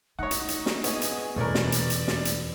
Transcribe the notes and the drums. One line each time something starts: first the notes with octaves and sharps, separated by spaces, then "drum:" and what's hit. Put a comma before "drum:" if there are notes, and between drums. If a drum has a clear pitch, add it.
A3 D#4 C#5 F#5
drum: hi-hat
drum: hi-hat
drum: snare
B3 G#4 C#5 D#5 G#5, drum: hi-hat
drum: hi-hat
E2 B2 A3 C#4 A#4 B4 D5
drum: snare
drum: hi-hat
drum: hi-hat
drum: snare
drum: hi-hat